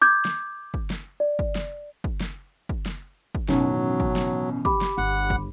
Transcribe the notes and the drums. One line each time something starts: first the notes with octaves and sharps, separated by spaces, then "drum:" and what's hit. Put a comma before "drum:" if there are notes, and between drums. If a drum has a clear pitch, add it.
D6 G6 G#6
drum: snare
drum: kick
drum: snare
D5
drum: kick
drum: snare
drum: kick
drum: snare
drum: kick
drum: snare
drum: kick
A1 F#2 B2 D#3 E3 F#3 D#4, drum: snare
drum: kick
drum: snare
G4 B5 D6, drum: kick
drum: snare
G1 F#5
drum: kick